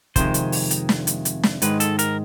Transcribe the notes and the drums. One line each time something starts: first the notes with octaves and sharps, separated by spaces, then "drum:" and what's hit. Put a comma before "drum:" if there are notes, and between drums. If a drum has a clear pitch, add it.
F2 C3 D#3 G#3 C5, drum: kick, hi-hat
drum: hi-hat
drum: open hi-hat
drum: hi-hat
drum: snare
drum: hi-hat
drum: hi-hat
drum: snare
G#2 D#3 G#3 B4, drum: hi-hat
A4, drum: hi-hat
A#4, drum: hi-hat